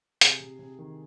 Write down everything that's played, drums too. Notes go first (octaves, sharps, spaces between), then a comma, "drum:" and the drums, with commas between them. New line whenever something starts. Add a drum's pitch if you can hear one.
C3 G#4, drum: hi-hat
C3
C3
D#3